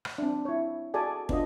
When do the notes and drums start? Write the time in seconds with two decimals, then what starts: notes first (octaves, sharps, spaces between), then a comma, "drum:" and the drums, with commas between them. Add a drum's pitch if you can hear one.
0.05 drum: rim click
0.18 C4 D4
0.45 E4 C#5
0.94 F#4 G#4 A4 D5 G#5
1.29 B3 D4 F4 D#5, drum: kick